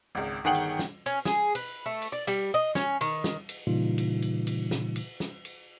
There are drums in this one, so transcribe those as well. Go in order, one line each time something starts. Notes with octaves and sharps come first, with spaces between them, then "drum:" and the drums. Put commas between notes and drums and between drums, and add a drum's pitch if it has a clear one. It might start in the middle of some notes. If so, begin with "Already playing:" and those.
G#1 C#2
G1 D#3 G#4 F#5 G5 F#7
drum: cymbal
drum: snare
C#4, drum: cymbal
G#4, drum: snare
B4, drum: cymbal
A3
drum: cymbal
D5
G3, drum: cymbal
D#5
C#4, drum: snare
D#3, drum: cymbal
drum: snare
drum: cymbal
A#2 C#3 E3 G3 D#4 F4
drum: cymbal
drum: cymbal
drum: cymbal
drum: snare
drum: cymbal
drum: snare
drum: cymbal